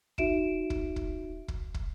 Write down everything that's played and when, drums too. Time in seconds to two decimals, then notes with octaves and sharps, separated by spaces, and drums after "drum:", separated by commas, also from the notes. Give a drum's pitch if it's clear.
0.18 D#4 F#4 E5 D7 E7, drum: kick
0.70 drum: kick
0.96 drum: kick
1.48 drum: kick
1.74 drum: kick